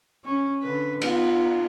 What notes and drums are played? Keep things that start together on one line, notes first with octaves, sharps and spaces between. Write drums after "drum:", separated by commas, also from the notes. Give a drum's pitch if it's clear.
C#4
D3 B4
B3 D#4 F4, drum: cymbal